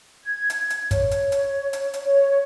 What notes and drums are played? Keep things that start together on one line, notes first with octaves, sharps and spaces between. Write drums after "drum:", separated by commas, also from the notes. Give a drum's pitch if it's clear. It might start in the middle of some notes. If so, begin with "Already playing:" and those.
G#6
drum: hi-hat
drum: hi-hat
C#5, drum: kick, hi-hat
drum: hi-hat
drum: hi-hat
drum: hi-hat
drum: hi-hat
C#5